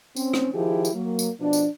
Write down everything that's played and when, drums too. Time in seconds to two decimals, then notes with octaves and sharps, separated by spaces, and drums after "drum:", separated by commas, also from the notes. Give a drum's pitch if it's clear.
0.16 C4 C#4, drum: tambourine
0.33 drum: rim click
0.54 D#3 F3 E4 G4 G#4
0.85 drum: tambourine
0.94 F#3 A#3
1.19 drum: tambourine
1.40 B2 F3 D4
1.53 drum: tambourine